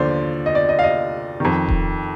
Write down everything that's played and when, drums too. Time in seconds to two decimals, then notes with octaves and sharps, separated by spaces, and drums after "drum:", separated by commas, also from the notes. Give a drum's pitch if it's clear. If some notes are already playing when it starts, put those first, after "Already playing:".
Already playing: D#2 D3 F3 C5 D5
0.46 D#5
0.55 D5
0.69 D#5
0.79 F5
0.83 D#5
1.40 F2 D#3
1.69 drum: kick D#1